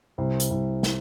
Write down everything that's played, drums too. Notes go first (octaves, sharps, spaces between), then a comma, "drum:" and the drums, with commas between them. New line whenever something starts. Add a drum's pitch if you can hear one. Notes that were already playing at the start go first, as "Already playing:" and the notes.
C2 C5
drum: hi-hat
C2
drum: snare